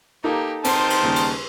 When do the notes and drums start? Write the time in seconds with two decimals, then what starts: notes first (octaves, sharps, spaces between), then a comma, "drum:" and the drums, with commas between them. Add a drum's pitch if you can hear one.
0.24 A#3 D#4 G4 A4 A#5
0.64 D#3 C4 C5 A5 C6, drum: cymbal
0.90 drum: cymbal
1.02 D#2 C#3 G3
1.16 drum: cymbal